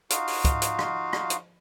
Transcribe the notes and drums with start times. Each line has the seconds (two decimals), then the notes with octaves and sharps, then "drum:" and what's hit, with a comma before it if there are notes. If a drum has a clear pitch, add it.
0.10 D#4 F4 F#4 F5, drum: hi-hat
0.27 drum: open hi-hat
0.45 drum: kick, hi-hat
0.62 drum: hi-hat
0.79 drum: rim click
1.13 drum: rim click
1.30 drum: hi-hat